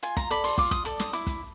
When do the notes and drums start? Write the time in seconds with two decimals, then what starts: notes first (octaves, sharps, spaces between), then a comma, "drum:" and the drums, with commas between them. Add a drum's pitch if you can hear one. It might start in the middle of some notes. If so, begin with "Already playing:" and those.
0.03 F4 G#5, drum: hi-hat
0.17 A#5, drum: kick, hi-hat
0.30 A4 D5 B5, drum: hi-hat
0.44 C6, drum: open hi-hat
0.58 F4 D6, drum: kick
0.71 D#6, drum: kick, hi-hat
0.85 A4 D5 D6, drum: hi-hat
1.00 D#6, drum: snare
1.13 E4 D6, drum: hi-hat
1.27 drum: kick, hi-hat